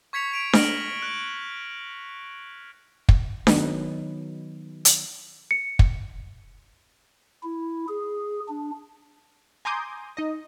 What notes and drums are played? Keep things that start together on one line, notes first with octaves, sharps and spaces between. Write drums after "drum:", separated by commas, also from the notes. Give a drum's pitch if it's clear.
C#6 G#6 B6 C#7 F7
B6 D7 F7
F6 A#6 D7 F#7, drum: snare D4
F#6
drum: kick
D#3 F#3 B3 D#4 B4, drum: snare D4
drum: hi-hat
C#7
drum: kick
E4
G#4
D4
G#5 A#5 C6 D6 D#6 G6
D#4 D#5